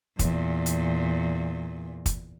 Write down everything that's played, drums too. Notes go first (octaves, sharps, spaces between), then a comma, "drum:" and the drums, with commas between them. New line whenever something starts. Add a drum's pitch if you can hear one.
E2 A#2, drum: kick, hi-hat
drum: hi-hat
drum: kick, hi-hat